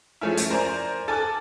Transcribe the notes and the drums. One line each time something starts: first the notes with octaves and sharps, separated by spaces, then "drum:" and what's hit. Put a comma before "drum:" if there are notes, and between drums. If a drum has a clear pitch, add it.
F3 G#3 A3 C#4 E4
drum: hi-hat
A#4 C5 D5 G#5 A#5
A4 G#5 D6 F#6